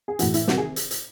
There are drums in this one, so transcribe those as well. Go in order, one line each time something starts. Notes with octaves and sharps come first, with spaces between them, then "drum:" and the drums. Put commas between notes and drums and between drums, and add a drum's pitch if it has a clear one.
G#4
A2 E3 F#4, drum: hi-hat
E4, drum: hi-hat
C3 D#3 F#4, drum: snare
G#4
drum: hi-hat
drum: hi-hat